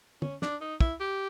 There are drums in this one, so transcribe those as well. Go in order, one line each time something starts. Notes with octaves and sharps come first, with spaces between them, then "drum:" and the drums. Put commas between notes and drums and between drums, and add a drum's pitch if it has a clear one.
C#4, drum: tom
D4, drum: snare
D#4
E4, drum: kick
G4